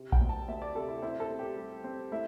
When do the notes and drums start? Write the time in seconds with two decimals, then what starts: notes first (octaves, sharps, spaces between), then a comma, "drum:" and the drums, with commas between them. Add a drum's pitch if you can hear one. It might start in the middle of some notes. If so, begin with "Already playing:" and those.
Already playing: C3
0.12 G5, drum: kick A#1
0.21 D2
0.29 A5
0.48 D2 E5
0.62 D5
0.75 C3 A4
0.88 E4
1.02 C4 E4
1.20 A4
1.29 C4
1.39 G4
1.56 G3
1.84 C4
2.12 A3 E4